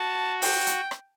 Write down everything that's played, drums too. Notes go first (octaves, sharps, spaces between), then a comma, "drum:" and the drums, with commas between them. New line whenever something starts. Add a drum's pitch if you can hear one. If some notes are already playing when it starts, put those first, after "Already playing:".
Already playing: F#4 A5
G5, drum: open hi-hat
drum: hi-hat
drum: rim click